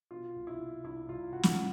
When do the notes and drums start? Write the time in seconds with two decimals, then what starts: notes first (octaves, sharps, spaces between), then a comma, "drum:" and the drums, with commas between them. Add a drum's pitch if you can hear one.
0.11 B2 F4
0.36 C2
0.47 E4
0.60 C2
0.84 C2 E4
1.09 C2 F4
1.33 C2 F#4
1.43 drum: snare